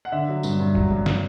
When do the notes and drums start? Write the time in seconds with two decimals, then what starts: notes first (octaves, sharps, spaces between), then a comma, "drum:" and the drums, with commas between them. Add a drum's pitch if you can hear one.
0.05 F#5
0.12 D3 E5
0.28 F#3
0.43 G2, drum: tambourine
0.60 G2
0.75 F#3, drum: kick G1
0.91 G2
1.06 drum: snare